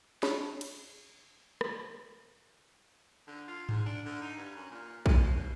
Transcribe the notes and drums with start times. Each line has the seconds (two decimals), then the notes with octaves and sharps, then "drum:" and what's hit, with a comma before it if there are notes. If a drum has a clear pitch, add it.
0.23 D4 G#4 C#5 B5, drum: snare
0.61 drum: cymbal
1.61 drum: rim click
3.27 D3
3.48 F4
3.69 G#2, drum: tom G#2
3.86 D4
4.05 D3
4.21 D#4
4.37 G2
4.56 F#2
4.71 A#2
5.06 G#3, drum: kick A#1
5.18 B2
5.36 B2